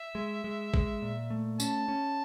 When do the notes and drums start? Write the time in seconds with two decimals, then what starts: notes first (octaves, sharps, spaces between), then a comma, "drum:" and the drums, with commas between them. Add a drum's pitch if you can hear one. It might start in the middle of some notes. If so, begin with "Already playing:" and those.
Already playing: E5
0.15 G#3
0.44 G#3
0.74 G#3, drum: kick
1.02 A#2
1.30 A3
1.60 C#4 A5, drum: tambourine
1.88 C#4